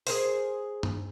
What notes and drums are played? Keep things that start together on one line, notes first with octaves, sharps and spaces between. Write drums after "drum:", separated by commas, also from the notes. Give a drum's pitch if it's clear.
G#4 A#4 C5, drum: open hi-hat
drum: tom G2